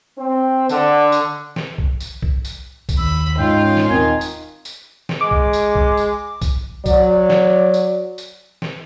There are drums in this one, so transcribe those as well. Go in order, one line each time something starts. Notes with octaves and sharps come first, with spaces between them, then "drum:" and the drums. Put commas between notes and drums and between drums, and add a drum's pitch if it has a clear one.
C4
D3, drum: tambourine
drum: tambourine
drum: snare
drum: kick B1
drum: tambourine
drum: kick B1
drum: tambourine
drum: kick B1, tambourine
D#2 B5 E6
G#2 C#4 D#4 F4 G5
drum: snare
D#1 D#3 C4 G#5
drum: tambourine
drum: tambourine
drum: snare
G#3 D6
drum: kick B1
drum: tambourine
drum: kick B1
drum: tambourine
drum: kick B1, tambourine
F#3 D5, drum: kick B1, tambourine
drum: snare
drum: tambourine
drum: tambourine
drum: snare